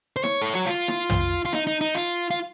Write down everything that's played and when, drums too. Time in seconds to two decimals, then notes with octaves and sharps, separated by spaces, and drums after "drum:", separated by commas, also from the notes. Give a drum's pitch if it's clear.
0.16 C5
0.24 C#5, drum: snare
0.42 A4
0.55 F#4
0.66 F4
0.88 drum: snare
1.10 drum: tom
1.45 F4
1.53 D#4, drum: snare
1.67 D#4
1.81 D#4
1.95 F4
2.31 F4